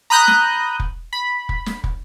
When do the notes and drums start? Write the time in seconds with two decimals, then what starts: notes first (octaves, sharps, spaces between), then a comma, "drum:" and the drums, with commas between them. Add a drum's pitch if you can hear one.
0.10 A#5 B5 D#6 F#6 G6 A#6
0.28 drum: snare
0.80 drum: kick
1.13 B5
1.49 drum: kick
1.66 drum: snare
1.84 drum: kick